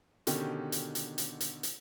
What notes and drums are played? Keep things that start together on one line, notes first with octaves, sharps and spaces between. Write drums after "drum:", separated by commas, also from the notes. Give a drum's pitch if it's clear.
B2 D3 D#3 C#4 G4, drum: hi-hat
drum: hi-hat
drum: hi-hat
drum: hi-hat
drum: hi-hat
drum: hi-hat